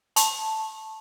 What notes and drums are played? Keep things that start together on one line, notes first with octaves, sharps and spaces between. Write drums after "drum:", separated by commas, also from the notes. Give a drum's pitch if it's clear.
A5, drum: hi-hat